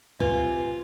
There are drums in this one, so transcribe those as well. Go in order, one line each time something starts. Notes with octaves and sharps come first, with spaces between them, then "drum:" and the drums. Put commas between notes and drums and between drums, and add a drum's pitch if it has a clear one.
C3 F4 B4 G#5, drum: kick